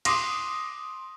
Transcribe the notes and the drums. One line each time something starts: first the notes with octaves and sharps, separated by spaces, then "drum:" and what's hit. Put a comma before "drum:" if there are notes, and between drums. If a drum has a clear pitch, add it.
C6 D6 D#6 A#6, drum: cymbal